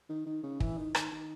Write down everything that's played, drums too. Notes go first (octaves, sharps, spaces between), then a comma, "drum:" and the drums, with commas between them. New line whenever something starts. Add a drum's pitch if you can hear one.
D#3
D#3
C#3
E3, drum: kick
D#3
D#3, drum: rim click
D#3